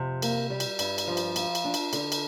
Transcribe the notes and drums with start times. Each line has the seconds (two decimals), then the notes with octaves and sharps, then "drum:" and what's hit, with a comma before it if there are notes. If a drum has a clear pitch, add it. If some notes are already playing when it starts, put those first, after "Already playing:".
Already playing: F2 C3
0.22 A#3, drum: cymbal
0.50 G3
0.60 drum: cymbal
0.79 G2, drum: cymbal
0.98 drum: cymbal
1.08 F3
1.17 drum: cymbal
1.36 F4, drum: cymbal
1.55 drum: cymbal
1.64 D4
1.74 drum: cymbal
1.93 D3, drum: cymbal
2.12 drum: cymbal